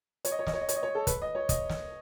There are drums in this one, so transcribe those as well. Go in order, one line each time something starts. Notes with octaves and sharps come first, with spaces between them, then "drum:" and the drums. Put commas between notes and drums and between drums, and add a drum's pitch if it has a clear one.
C#5, drum: hi-hat
D#5
C#5
D#5, drum: snare
C#5
D#5
C#5, drum: hi-hat
D#5
C#5
A4
B4, drum: kick, hi-hat
D#5
C#5
D#5, drum: kick, hi-hat
drum: snare